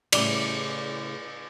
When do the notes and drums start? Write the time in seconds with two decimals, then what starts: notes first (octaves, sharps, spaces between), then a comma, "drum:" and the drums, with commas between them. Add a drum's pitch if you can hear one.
0.13 A2 C#3 G3 E4 D6, drum: cymbal